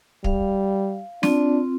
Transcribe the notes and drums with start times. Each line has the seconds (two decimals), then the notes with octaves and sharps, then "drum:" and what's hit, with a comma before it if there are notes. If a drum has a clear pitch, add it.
0.24 G3 F5, drum: kick
1.23 C4 D4 F4, drum: snare